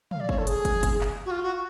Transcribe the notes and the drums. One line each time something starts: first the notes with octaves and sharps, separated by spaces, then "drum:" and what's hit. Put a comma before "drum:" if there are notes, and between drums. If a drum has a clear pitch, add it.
F5, drum: tom
D5
C#5, drum: kick
A4
G#4, drum: hi-hat
drum: kick, hi-hat
drum: kick, hi-hat
drum: clap
F#4
F4
F#4